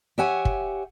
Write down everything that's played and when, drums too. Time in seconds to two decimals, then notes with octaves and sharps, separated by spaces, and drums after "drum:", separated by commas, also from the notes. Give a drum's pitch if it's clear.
0.18 G4 C#5 E5 F#5 G#5
0.45 drum: kick